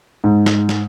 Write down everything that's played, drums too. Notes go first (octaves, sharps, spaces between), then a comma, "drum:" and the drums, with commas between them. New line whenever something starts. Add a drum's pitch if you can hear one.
G#2
drum: snare
drum: snare